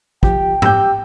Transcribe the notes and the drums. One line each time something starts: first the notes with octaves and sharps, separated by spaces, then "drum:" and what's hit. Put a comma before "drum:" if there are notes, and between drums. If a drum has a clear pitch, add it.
F3 G4 G5, drum: kick
G4 E6 G6, drum: tom G#2